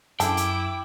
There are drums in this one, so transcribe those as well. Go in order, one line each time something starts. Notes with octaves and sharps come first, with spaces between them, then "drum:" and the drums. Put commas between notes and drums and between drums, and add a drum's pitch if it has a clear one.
F#2 D3 E4 G#4 G5 A5 D6, drum: hi-hat
drum: hi-hat